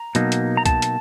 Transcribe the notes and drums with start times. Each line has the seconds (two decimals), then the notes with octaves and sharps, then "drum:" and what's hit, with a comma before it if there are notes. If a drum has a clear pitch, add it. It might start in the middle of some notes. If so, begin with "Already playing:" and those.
Already playing: A#5
0.15 B2 F#3 A#3 D#4, drum: hi-hat
0.32 drum: hi-hat
0.57 A#5
0.66 A5, drum: kick C2, hi-hat
0.82 drum: hi-hat